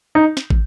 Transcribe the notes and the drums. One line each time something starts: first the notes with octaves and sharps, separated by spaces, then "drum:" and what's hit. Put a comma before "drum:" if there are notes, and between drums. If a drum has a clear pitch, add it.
D#4
drum: snare
drum: kick